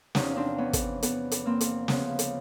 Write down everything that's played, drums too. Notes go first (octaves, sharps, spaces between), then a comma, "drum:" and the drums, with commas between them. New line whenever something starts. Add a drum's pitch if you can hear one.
E2 C3 F3 C#4 D#4, drum: snare
C4 D4
B3 C#4
drum: kick, hi-hat
B3, drum: hi-hat
drum: hi-hat
A#3 C4
drum: hi-hat
D2 C#3 F3 B3, drum: snare
drum: hi-hat